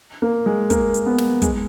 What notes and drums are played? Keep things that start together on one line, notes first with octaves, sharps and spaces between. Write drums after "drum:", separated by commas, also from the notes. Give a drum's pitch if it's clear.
A#3
G#3
A#3, drum: kick, hi-hat
drum: hi-hat
B3
drum: snare
G#3, drum: kick, hi-hat